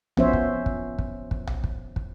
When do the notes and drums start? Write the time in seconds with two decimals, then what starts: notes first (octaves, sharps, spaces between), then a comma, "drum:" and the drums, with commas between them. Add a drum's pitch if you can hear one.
0.17 F3 B3 C#4 C5 C#5 E5, drum: tom B1
0.33 drum: kick
0.66 drum: kick
0.99 drum: kick
1.31 drum: kick
1.47 drum: tom B1
1.64 drum: kick
1.96 drum: kick